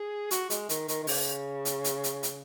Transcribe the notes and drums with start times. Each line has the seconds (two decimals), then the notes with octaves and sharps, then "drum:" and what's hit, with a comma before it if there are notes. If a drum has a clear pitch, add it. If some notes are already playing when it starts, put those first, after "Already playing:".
Already playing: G#4
0.31 F#4, drum: hi-hat
0.50 G#3, drum: hi-hat
0.69 D#3, drum: hi-hat
0.88 D#3, drum: hi-hat
1.03 D#3
1.07 C#3, drum: open hi-hat
1.65 drum: hi-hat
1.84 drum: hi-hat
2.04 drum: hi-hat
2.23 drum: hi-hat